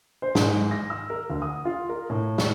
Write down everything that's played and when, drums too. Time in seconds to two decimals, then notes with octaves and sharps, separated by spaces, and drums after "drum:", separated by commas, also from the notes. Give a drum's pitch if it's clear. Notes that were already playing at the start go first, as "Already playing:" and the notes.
0.22 C5
0.35 G#2, drum: snare
0.71 A#6
0.90 E6
1.10 A#4
1.30 D2
1.42 D#6
1.65 F4
1.89 A#4
2.10 A2
2.38 drum: snare